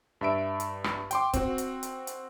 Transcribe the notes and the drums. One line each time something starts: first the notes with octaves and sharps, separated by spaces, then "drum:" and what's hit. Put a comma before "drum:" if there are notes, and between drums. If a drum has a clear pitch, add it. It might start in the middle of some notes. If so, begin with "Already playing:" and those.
G2 E5 D7
drum: hi-hat
drum: rim click
G5 C6 D6, drum: hi-hat
C4 F#4, drum: kick, hi-hat
drum: hi-hat
drum: hi-hat
drum: hi-hat